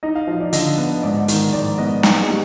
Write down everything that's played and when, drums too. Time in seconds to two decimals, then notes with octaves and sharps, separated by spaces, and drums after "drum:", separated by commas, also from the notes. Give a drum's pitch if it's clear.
0.03 D#4 D#5
0.15 F5
0.27 F3 D#5
0.40 D5
0.53 D3 D#5, drum: hi-hat
0.78 B3
1.03 G#2 D5
1.28 D#3, drum: hi-hat
1.53 G#2 D5
1.78 B3 D#5
2.03 D#4 D#5, drum: snare
2.20 G#4
2.29 G3